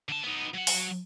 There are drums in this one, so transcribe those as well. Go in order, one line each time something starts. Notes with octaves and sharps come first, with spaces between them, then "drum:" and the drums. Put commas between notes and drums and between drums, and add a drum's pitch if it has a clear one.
D3 A5
B3 D#4
F#3 F#5
drum: open hi-hat